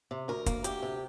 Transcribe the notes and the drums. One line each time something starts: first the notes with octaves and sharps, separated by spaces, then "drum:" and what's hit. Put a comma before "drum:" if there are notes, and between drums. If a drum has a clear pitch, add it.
C3
D2 A#4
A#3, drum: kick, hi-hat
D2 G4, drum: hi-hat
C3